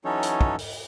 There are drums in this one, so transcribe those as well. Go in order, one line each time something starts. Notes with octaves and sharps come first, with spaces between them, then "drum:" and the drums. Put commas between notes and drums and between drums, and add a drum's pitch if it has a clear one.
E3 F#3 C#4 D#4 A4 C#5
drum: hi-hat
drum: kick
drum: open hi-hat